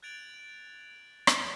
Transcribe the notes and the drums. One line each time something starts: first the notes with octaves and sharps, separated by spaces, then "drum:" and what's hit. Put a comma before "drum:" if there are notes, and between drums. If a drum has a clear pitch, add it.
F#6 G#6 A6 D7 F7 F#7
drum: rim click